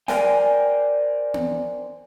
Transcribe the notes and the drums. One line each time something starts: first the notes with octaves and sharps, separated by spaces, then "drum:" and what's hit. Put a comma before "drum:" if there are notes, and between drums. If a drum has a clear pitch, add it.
A#4 C5 D5 G5 G#5, drum: snare
drum: tom B3